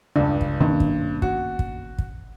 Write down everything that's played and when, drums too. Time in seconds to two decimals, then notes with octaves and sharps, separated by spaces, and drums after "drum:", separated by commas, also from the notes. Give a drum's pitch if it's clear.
0.16 C#2 G2 D4
0.41 drum: kick
0.60 G2 B2 D#3 A#3 C#4
0.80 drum: kick
1.22 F#4, drum: kick
1.59 drum: kick
1.98 drum: kick